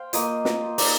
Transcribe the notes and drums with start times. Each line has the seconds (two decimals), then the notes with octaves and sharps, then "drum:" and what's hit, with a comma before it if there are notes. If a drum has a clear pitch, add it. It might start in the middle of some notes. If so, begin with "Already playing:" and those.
Already playing: C5 F5 G5
0.13 A#3 F4 D#5, drum: hi-hat
0.45 A#3 F4, drum: snare
0.78 A#3 D#4 D5, drum: open hi-hat